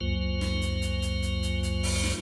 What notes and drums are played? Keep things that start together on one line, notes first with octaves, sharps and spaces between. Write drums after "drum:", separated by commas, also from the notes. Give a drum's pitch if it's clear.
C#2 F#2 F#3 A#3 F4 C5
drum: snare
drum: hi-hat
drum: hi-hat
drum: hi-hat
drum: hi-hat
drum: hi-hat
drum: hi-hat
drum: open hi-hat
drum: snare